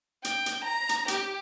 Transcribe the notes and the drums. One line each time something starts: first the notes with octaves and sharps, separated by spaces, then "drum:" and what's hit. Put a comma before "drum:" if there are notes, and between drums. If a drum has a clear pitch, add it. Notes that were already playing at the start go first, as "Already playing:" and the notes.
G5, drum: hi-hat
drum: hi-hat
A#5
drum: hi-hat
G4, drum: hi-hat